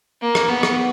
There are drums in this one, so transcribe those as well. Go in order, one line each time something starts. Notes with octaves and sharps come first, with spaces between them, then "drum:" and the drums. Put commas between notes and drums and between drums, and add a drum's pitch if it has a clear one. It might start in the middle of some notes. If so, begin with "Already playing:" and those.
A#3
drum: rim click
B3
drum: rim click